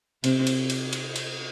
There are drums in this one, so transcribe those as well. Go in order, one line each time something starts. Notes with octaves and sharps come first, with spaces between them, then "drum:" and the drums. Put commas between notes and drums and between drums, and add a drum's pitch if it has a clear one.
C3 C4, drum: cymbal
drum: cymbal
drum: cymbal
drum: cymbal
drum: cymbal